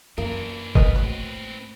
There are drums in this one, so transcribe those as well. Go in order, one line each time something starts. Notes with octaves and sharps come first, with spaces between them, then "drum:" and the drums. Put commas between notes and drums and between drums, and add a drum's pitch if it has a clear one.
F#2 E3 A#3 D4
E3 B3 A#4 B4 D#5, drum: kick G1
A2 F#3 C4 B4